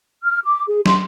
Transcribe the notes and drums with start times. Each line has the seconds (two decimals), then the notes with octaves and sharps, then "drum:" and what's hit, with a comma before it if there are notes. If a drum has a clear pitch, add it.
0.24 F6
0.43 D6
0.68 G#4
0.86 C6, drum: snare